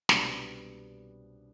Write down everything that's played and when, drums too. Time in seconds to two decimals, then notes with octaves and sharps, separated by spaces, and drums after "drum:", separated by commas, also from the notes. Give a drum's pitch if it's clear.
0.09 C2 B2 G3 B3 D4, drum: snare